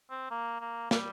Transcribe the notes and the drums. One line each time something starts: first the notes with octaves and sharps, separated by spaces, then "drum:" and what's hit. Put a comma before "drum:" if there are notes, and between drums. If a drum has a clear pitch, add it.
C4
A#3
A#3
G3, drum: snare